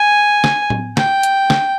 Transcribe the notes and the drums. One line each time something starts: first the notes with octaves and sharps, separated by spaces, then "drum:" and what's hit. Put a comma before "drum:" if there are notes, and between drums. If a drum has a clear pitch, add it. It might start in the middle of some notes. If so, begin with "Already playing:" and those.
Already playing: G#5
drum: snare
drum: tom
G5, drum: snare
drum: hi-hat
drum: snare